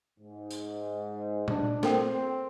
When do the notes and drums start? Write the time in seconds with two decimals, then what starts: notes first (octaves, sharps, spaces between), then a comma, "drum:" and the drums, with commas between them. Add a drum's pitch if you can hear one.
0.19 G#2
0.51 drum: tambourine
1.48 D4, drum: tom A#2
1.83 C4 A4 A#4 G5, drum: snare